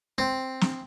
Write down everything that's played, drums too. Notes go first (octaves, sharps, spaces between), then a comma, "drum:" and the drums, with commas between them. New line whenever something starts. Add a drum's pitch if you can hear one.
C4
drum: snare